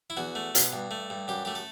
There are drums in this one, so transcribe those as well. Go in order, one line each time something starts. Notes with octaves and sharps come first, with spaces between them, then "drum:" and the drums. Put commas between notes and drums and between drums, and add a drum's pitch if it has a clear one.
E4
E2 F#4
A3
B2, drum: hi-hat
G2
A3
G2
F#2 G4
A3 G4
A4